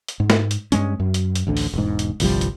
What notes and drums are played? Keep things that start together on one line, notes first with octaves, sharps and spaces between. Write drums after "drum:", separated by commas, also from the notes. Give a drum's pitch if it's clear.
drum: hi-hat
G#2
drum: snare
drum: hi-hat
G2 G#3 C#4, drum: hi-hat
F#2
drum: hi-hat
drum: hi-hat
A1 D2 D3
drum: open hi-hat
E1 G#2
drum: hi-hat
G1 C2 F3 G3, drum: open hi-hat
drum: hi-hat